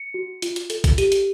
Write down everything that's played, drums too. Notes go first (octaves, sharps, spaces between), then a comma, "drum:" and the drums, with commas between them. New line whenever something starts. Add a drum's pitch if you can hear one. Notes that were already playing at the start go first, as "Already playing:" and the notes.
Already playing: C#7
F#4
F4, drum: hi-hat
drum: hi-hat
A4, drum: hi-hat
drum: kick A#1, hi-hat
G4 D#7, drum: hi-hat
drum: hi-hat